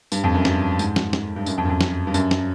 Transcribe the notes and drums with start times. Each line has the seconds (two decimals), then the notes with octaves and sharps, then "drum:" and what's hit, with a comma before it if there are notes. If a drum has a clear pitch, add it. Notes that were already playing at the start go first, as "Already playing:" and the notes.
0.12 G2, drum: tambourine
0.24 F2
0.34 F#2
0.45 G2, drum: snare
0.79 G#2, drum: tambourine
0.96 drum: snare
1.13 drum: snare
1.36 G2
1.46 F#2, drum: tambourine
1.58 F2
1.65 F#2
1.69 F2
1.81 drum: snare
2.07 G2
2.14 F#2, drum: tambourine
2.31 drum: snare